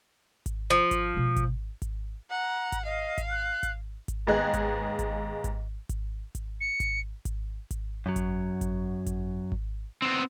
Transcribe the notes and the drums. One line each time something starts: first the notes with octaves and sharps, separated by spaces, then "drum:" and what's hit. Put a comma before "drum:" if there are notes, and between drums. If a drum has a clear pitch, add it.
drum: kick G#1, hi-hat
F3
drum: kick G#1, hi-hat
B2 G#3
drum: kick G#1, hi-hat
drum: kick G#1, hi-hat
F#5 A#5
drum: kick G#1, hi-hat
D#5 F5
drum: kick G#1, hi-hat
F#6
drum: kick G#1, hi-hat
drum: kick G#1, hi-hat
D#2 G#2 B3 G#4 D#5 F#6
drum: kick G#1, hi-hat
drum: kick G#1, hi-hat
drum: kick G#1, hi-hat
drum: kick G#1, hi-hat
drum: kick G#1, hi-hat
C#7
drum: kick G#1, hi-hat
drum: kick G#1, hi-hat
drum: kick G#1, hi-hat
F#2 F#3
drum: kick G#1, hi-hat
drum: kick G#1, hi-hat
drum: kick G#1, hi-hat
drum: kick G#1
B3 C4